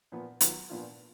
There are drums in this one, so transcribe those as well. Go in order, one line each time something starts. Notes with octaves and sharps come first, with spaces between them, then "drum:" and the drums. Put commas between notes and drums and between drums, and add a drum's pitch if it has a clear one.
A#2 F3 B3
D#3 F#3 B3 F4, drum: hi-hat
A#2 F3 B3 D4 F4